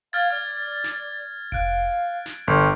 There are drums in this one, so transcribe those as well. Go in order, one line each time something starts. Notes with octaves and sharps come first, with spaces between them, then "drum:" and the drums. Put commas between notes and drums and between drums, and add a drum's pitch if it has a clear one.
F5 F6 G#6 A6
D5 F6
drum: hi-hat
drum: snare
drum: hi-hat
F5 F#6 D7, drum: kick F1
drum: hi-hat
drum: snare
G1 G5